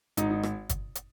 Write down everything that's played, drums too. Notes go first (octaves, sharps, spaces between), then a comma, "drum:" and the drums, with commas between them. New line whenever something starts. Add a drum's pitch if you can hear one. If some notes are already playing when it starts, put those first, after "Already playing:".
G#1 D#4, drum: hi-hat
D#4
drum: rim click
drum: kick, hi-hat
drum: hi-hat